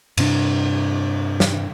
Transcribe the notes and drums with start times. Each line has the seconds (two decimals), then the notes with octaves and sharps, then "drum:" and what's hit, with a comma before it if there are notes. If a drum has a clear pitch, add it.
0.17 G2 C3 C4 D4, drum: cymbal
1.40 drum: snare